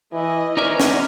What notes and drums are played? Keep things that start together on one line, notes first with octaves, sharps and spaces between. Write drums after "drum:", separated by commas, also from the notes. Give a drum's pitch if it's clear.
E3 E4 D#5
D#3 C#4 D#4 B4 C5 D5 E5 A#5
drum: snare